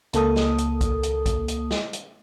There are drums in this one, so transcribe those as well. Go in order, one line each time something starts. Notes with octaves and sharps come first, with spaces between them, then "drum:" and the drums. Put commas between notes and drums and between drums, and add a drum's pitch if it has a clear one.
C#2 A#3 A4 D#6, drum: hi-hat
drum: snare
drum: hi-hat
drum: kick A#1, hi-hat
drum: hi-hat
drum: kick A#1, hi-hat
drum: hi-hat
drum: snare
drum: hi-hat